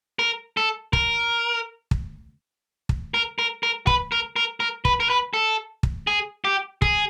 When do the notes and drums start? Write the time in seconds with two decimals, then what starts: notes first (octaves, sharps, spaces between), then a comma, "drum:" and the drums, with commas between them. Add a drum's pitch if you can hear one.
0.19 A#4
0.57 A4
0.93 A#4, drum: kick
1.91 drum: kick
2.89 drum: kick
3.14 A#4
3.39 A#4
3.63 A#4
3.87 B4, drum: kick
4.12 A#4
4.36 A#4
4.60 A#4
4.85 B4, drum: kick
5.00 A#4
5.10 B4
5.34 A4
5.83 drum: kick
6.07 G#4
6.45 G4
6.82 G#4, drum: kick